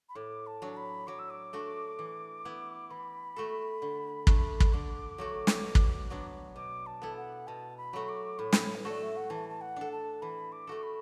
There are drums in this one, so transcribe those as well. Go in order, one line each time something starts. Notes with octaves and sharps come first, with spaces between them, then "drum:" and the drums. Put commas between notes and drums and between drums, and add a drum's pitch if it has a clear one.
B5
A2 D6
A5
F#3 D4
A5
B5
F#3 D6
E6
D6
A3 D4 F#4
E3
B3 E4
E3 B5
A3 F#4 A4
D3
A3 D4, drum: kick
drum: kick
D3 D6
F#3 A3 F#4
drum: snare
B2
drum: kick
F#3 B3 D4
B2 D6
A5
B3 E4 A4
F#5
B2 A5
B5
F#3 A3 F#4
D6
A2 B5
drum: snare
B4
A3 F#4 A4 D5
E5
F#5
E3 A5
A5
F#5
D4 A4
A5
E3 B5
D6
A3 F#4 A4
B5